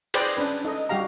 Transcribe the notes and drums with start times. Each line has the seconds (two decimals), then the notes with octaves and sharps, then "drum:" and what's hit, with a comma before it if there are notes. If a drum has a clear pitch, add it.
0.14 G#4 B4 C5 D5 G5, drum: cymbal
0.37 C#4 D4 B4
0.65 D#4 A4 D#5
0.89 G3 F#4 G4 F5 A#5